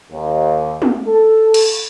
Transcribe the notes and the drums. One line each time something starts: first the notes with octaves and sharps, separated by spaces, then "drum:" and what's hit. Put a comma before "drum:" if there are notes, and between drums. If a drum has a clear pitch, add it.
D#2
drum: tom
A4
drum: cymbal